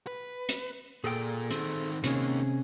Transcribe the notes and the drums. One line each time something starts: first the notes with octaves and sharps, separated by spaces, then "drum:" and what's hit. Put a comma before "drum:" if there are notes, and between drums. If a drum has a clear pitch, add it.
B4
drum: hi-hat
A#2 G#4 A4 G5
D#3 C4, drum: hi-hat
C3 D#3 A#3 C#4 G#4, drum: hi-hat